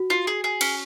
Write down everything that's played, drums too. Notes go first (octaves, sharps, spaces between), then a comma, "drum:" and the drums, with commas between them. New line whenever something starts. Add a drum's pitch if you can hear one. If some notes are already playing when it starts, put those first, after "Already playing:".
Already playing: F#4
F4
G#4
G#4
C#4, drum: cymbal